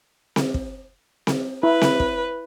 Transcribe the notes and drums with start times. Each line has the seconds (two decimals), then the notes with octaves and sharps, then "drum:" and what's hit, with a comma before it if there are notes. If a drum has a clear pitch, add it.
0.36 drum: snare C4
0.54 drum: kick
1.27 drum: snare C4
1.63 E4 B4
1.81 drum: snare C4
2.00 drum: kick